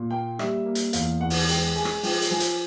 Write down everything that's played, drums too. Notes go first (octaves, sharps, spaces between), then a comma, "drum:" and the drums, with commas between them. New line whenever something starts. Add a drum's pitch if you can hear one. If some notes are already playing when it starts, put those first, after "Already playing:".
Already playing: A#2
A#3 G5
G3 E5, drum: rim click
A#3
drum: hi-hat
E2 F5, drum: hi-hat
E2 F#5
drum: open hi-hat
G#3 G5, drum: hi-hat
G#3 G#5
drum: rim click
F3 G5, drum: open hi-hat
drum: hi-hat
F3 G#5
drum: hi-hat